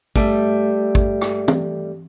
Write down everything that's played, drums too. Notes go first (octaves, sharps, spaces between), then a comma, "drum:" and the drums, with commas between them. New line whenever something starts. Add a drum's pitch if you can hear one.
G3 A3, drum: kick
drum: kick
drum: rim click
drum: tom